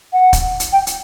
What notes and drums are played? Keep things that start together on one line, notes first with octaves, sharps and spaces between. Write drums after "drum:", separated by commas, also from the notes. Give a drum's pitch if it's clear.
F#5
drum: kick, hi-hat
drum: hi-hat
G5
drum: hi-hat